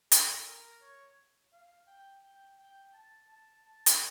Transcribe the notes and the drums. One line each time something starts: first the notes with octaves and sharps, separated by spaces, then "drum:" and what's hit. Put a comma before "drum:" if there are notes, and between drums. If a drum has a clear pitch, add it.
A4, drum: hi-hat
A#4
C#5
F5
G5
G5
G5
A5
A5
A5
drum: hi-hat